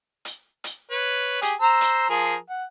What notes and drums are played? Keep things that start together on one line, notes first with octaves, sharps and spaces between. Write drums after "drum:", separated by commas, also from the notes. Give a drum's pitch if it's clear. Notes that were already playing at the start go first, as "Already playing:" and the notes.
drum: hi-hat
drum: hi-hat
B4 C#5
G4 G#4, drum: hi-hat
C5 A#5 E6
drum: hi-hat
F3 G#4 A#4
F#5